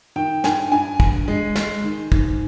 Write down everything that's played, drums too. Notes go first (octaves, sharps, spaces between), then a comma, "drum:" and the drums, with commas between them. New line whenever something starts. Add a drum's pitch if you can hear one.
D#3 G5
G2 G#5, drum: snare
G2 G#5
G2, drum: kick
G#3
G#3, drum: snare
D#3
G#2, drum: kick